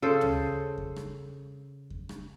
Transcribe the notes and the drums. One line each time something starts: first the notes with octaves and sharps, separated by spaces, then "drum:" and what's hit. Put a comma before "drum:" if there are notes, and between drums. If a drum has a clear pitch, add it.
C#3 A4 C5
drum: tom
drum: kick E2
drum: rim click
drum: kick E2
drum: rim click